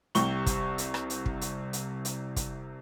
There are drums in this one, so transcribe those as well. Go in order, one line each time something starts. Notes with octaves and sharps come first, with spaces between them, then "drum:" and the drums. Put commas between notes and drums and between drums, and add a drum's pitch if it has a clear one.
C2 C3 G4 C#6 G7, drum: hi-hat
drum: kick, hi-hat
drum: hi-hat
drum: rim click
drum: hi-hat
drum: kick
drum: hi-hat
drum: hi-hat
drum: hi-hat
drum: kick, hi-hat